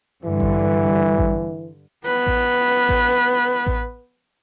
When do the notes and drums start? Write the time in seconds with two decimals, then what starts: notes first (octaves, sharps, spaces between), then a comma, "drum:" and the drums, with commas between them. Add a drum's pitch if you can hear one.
0.25 G2 D3 E3 G3
0.40 drum: kick A1
1.18 drum: kick A1
2.05 B3 B4
2.27 drum: kick A1
2.89 drum: kick A1
3.67 drum: kick A1